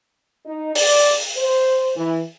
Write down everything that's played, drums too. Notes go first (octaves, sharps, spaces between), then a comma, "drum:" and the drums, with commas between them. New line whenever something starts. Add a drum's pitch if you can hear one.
D#4
D5, drum: open hi-hat
C5
E3